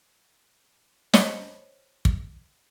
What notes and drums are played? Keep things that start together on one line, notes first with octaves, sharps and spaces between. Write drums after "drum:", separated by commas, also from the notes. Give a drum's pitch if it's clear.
C5 C#5 D#5, drum: snare
drum: kick